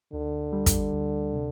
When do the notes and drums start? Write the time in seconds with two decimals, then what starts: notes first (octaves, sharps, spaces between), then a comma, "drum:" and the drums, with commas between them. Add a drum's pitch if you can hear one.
0.13 D2 D3
0.53 G3
0.66 drum: kick, hi-hat
0.93 D2
1.33 C3